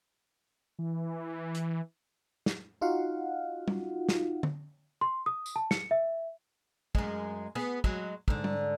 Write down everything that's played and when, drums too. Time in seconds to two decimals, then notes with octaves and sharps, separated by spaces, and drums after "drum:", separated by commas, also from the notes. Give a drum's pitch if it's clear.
0.79 E3
1.55 drum: hi-hat
2.46 drum: snare
2.81 D#4 F4 F#4 F5 F#5
3.68 drum: tom G3
4.09 drum: snare
4.43 drum: tom
5.01 C6
5.26 D#6
5.46 drum: tambourine
5.56 A5
5.71 C#7, drum: snare
5.91 E5
6.95 F#2 G#3, drum: kick
7.55 B3 G#4
7.84 F#3 G#3, drum: kick
8.28 G#2 D3, drum: kick
8.44 drum: tom G3